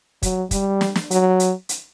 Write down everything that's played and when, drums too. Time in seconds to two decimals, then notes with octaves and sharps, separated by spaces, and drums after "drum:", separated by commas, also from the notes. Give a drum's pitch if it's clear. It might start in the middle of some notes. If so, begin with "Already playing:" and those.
0.23 F#3, drum: kick, hi-hat
0.51 G3, drum: kick, hi-hat
0.81 drum: snare
0.96 drum: snare
1.11 F#3, drum: hi-hat
1.40 drum: hi-hat
1.69 drum: hi-hat